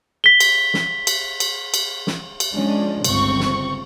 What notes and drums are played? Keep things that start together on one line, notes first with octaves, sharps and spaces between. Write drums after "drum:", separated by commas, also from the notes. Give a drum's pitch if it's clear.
B6 G7
drum: cymbal
drum: snare
drum: cymbal
drum: cymbal
drum: cymbal
drum: snare
drum: cymbal
F3 G#3 C#4 D4
G1 C#2 C4 C#6, drum: cymbal
drum: snare